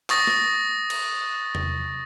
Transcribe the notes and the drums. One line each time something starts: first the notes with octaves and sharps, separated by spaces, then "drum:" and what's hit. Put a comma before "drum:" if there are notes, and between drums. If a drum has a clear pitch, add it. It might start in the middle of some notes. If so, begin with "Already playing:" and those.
C#6 D#6 A6 A#6, drum: clap
drum: snare
drum: cymbal
drum: tom